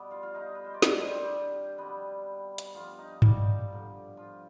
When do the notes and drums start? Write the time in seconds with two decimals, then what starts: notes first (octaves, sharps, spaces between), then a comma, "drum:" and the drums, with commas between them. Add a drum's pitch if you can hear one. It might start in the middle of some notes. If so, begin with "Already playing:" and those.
Already playing: B2 G3 B3
0.10 F4 F5
0.23 F4 F5
0.34 D#4 D#5
0.55 B4
0.64 C5
0.74 D5
0.82 G2 D#3 B3 D#4 D#5, drum: snare
0.94 D4 D5
1.06 C4 C5
1.18 G3 G4
1.78 B2 G3 B3 C4 B4
2.58 drum: hi-hat
2.74 G2 F3 B3 F4 F5
2.98 D#4 D#5
3.22 G3 G4, drum: tom G2
3.70 G2 D3 F3
4.17 F3 F4